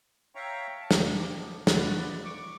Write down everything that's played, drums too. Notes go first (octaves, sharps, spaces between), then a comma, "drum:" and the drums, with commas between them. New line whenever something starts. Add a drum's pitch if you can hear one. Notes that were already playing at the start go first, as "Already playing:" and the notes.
C#5 E5 F5 G5 A#5 C#6
A5
drum: snare
A2 G4
F3 B3
E3 F3 F#4 B4 D5, drum: snare
C#6 D6